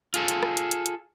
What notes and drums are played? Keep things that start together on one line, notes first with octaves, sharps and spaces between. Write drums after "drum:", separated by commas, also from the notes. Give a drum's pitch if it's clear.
F4 G#4 A4, drum: hi-hat
drum: hi-hat
drum: rim click
drum: hi-hat
drum: hi-hat
drum: hi-hat